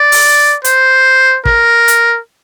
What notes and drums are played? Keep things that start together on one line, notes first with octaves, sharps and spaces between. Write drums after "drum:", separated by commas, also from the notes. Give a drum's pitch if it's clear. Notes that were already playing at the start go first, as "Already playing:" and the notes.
Already playing: D5
drum: open hi-hat
C5, drum: hi-hat
A#4, drum: kick
drum: hi-hat